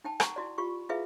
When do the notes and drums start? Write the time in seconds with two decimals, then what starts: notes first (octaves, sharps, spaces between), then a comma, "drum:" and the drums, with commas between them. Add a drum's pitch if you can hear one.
0.04 D#4 G5 A5
0.20 F#5 A#5 C#6, drum: rim click
0.36 E4 F#4 D5
0.58 F4 G4 C#6
0.89 E4 F4 G#4 B4 E5 F5